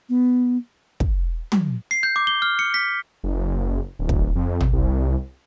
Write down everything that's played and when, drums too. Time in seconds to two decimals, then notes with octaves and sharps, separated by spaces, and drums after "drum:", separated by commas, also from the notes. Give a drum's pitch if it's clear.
0.09 B3
1.00 drum: kick
1.52 drum: tom
1.91 C7
2.03 G6
2.16 D6
2.27 G7
2.42 F6
2.59 C#7
2.74 B6
3.24 F#1
3.99 D1
4.09 drum: kick
4.36 F2
4.61 drum: tom
4.73 C2